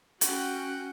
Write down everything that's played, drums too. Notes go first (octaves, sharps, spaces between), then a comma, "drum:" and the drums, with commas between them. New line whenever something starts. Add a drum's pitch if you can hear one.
C#4 F#4 F#5 G5, drum: hi-hat